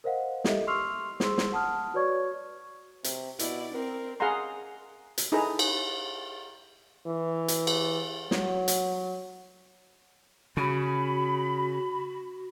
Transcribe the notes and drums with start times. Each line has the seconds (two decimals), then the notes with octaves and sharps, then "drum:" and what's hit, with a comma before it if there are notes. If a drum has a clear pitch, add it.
0.04 A#4 C5 D#5 F5 F#5
0.44 G4 A4 D#5 E5, drum: snare
0.67 C6 C#6 E6 F6 C7 F7
1.20 G#4 C5 C6 E6, drum: snare
1.38 drum: snare
1.52 F#5 A5 D#6 F6
1.94 F#4 B4 C#5 D5 C#6 G#6
3.04 C3, drum: hi-hat
3.39 B2 E4 D5, drum: hi-hat
3.75 C4 A#4
4.20 G#4 F5 F#5 A#5 C6
5.18 drum: hi-hat
5.32 D#4 E4 G#4 A4 B4 A#5
5.59 drum: cymbal
7.06 E3
7.48 drum: hi-hat
7.67 drum: cymbal
8.31 F#3, drum: snare
8.68 drum: hi-hat
10.57 C#3 F#4 B5